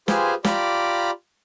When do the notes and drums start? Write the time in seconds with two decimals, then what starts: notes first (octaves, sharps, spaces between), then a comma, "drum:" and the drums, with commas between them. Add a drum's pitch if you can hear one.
0.08 F4 G4 G#4 B4 C5 G#5, drum: snare
0.44 F4 G4 D5 A#5 B5 D6, drum: snare